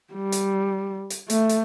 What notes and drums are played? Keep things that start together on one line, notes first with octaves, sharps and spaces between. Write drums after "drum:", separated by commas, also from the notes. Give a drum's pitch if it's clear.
G3
drum: hi-hat
drum: hi-hat
A3, drum: hi-hat
drum: hi-hat